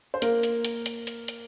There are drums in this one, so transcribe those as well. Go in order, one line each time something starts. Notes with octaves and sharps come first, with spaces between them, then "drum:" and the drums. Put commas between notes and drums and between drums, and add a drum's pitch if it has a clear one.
C5
A#3 A#4, drum: hi-hat
drum: hi-hat
drum: hi-hat
drum: hi-hat
drum: hi-hat
drum: hi-hat